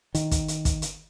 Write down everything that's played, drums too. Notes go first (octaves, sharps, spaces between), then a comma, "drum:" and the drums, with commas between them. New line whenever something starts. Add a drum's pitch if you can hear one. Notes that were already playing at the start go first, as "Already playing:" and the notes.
D#3, drum: hi-hat
drum: kick, hi-hat
drum: hi-hat
drum: kick, hi-hat
drum: hi-hat